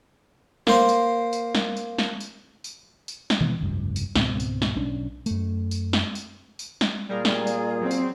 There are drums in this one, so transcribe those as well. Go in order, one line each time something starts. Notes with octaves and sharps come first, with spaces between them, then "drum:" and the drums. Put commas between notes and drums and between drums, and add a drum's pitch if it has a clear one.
A#3 C5 C6, drum: snare
drum: tambourine
drum: tambourine
drum: snare
drum: tambourine
drum: snare
drum: tambourine
drum: tambourine
drum: tambourine
drum: snare
B2 D#3 E3 B3
F1 C#2 G2
drum: tambourine
C#2 G#2 B2 C4, drum: snare
drum: tambourine
drum: snare
B1 C#4 D4
F#2 A3, drum: tambourine
drum: tambourine
drum: snare
drum: tambourine
drum: tambourine
drum: snare
A#2 G3 F4 G#4 A#4 D5
drum: snare
drum: tambourine
F#3 C4
drum: tambourine